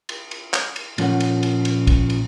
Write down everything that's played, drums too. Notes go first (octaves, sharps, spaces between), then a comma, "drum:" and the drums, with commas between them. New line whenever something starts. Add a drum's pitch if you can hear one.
drum: cymbal
drum: cymbal
drum: clap
drum: cymbal
A#2 F3 C#4 F#4 A#4 F#5, drum: cymbal
drum: cymbal
drum: cymbal
drum: cymbal
drum: kick, cymbal
drum: cymbal